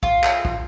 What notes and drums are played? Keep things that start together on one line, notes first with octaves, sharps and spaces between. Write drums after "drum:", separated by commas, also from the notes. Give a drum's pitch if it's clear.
F4, drum: kick
drum: clap
drum: kick